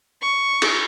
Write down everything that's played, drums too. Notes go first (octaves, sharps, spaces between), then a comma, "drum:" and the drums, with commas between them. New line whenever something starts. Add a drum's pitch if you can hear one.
C#6
drum: cymbal